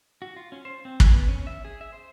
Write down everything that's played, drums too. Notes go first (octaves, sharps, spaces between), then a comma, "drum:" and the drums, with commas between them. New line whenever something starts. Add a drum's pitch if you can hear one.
F#4
F4
C#4
C5
C4
G#5, drum: kick
B3
C#4
E5
G#4
E5
C5